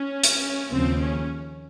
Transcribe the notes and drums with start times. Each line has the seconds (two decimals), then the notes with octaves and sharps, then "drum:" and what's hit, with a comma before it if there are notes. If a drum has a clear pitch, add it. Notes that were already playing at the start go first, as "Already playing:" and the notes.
Already playing: C#4
0.24 drum: hi-hat
0.72 D#2 C#3 F3 C4
1.00 C#4